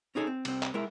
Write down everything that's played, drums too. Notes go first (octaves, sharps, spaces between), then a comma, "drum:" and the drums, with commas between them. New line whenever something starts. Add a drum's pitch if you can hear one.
C#4 D#4 G#4 A4
C4
C2 C4, drum: cymbal
drum: clap
G#3 E4 A#4 E5